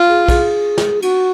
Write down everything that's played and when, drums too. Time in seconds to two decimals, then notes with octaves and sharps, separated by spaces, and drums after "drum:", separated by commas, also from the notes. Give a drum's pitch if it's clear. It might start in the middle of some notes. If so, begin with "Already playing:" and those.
Already playing: F4
0.09 G#4
0.29 G#4, drum: kick, cymbal
0.78 drum: snare
1.02 F#4, drum: cymbal